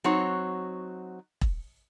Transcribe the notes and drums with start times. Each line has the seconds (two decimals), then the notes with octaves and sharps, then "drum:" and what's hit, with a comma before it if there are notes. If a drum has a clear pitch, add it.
0.04 F#3 C4 D#4 F#4 C#5
1.41 drum: kick E1